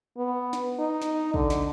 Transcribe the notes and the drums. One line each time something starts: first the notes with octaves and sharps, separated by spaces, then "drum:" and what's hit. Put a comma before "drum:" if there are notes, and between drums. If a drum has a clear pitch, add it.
B3
drum: snare
D#4
drum: snare
D3, drum: kick
drum: snare